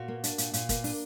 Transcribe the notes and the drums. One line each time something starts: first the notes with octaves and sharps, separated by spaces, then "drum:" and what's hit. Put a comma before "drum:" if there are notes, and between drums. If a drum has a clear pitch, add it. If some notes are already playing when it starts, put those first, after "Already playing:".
Already playing: A#2 F#4
A#3
D4, drum: hi-hat
A#2, drum: hi-hat
A#2, drum: hi-hat
A#3, drum: kick, hi-hat
D4, drum: open hi-hat